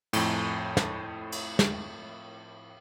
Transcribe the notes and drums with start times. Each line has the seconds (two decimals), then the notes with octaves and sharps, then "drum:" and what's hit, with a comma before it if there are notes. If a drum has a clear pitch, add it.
0.13 F2 A2, drum: cymbal
0.77 drum: snare
1.32 drum: cymbal
1.59 drum: snare